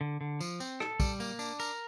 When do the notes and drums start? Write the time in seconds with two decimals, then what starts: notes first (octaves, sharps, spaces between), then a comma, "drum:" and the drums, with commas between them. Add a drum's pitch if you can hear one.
0.01 D3
0.21 D3
0.40 F3, drum: tambourine
0.60 C4, drum: tambourine
0.80 A4, drum: rim click
1.00 G3, drum: kick, tambourine
1.20 A#3, drum: tambourine
1.39 D4, drum: tambourine
1.60 A#4, drum: tambourine